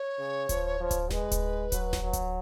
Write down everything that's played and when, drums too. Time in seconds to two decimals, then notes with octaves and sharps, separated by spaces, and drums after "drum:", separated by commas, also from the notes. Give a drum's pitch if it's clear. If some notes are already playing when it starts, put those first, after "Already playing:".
Already playing: C#5
0.19 C#3
0.49 F3, drum: kick D1, hi-hat
0.80 F3
0.91 drum: kick D1, hi-hat
1.10 G#3 B4, drum: snare E1
1.31 drum: kick D1, hi-hat
1.72 F#3, drum: kick D1, hi-hat
1.93 drum: snare E1
2.03 F#3
2.13 drum: kick D1, hi-hat